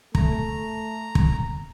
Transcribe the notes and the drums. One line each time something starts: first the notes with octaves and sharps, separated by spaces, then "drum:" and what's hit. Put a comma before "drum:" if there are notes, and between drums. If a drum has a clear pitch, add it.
A3 A#5, drum: kick
drum: kick